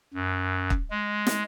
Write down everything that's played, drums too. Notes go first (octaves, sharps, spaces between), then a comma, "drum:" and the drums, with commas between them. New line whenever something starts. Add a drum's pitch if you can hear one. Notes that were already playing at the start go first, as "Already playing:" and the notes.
F#2
drum: kick
G#3
drum: snare